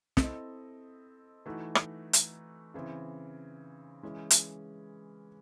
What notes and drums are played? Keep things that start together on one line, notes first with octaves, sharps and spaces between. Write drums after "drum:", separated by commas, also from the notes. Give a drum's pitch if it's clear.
C4 E4 A4 D#5, drum: snare
E3 A3 D#4 F#4
drum: rim click
drum: hi-hat
C#3 E3 C4
E3 G#3 C#4
drum: hi-hat